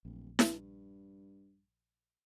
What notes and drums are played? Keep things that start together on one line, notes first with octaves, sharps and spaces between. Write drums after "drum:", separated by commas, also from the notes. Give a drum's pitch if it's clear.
D1 A#1
G2, drum: snare E4